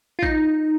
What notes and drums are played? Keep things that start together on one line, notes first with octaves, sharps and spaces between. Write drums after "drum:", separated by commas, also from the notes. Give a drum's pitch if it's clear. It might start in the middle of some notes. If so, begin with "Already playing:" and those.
F4
D#4, drum: kick A1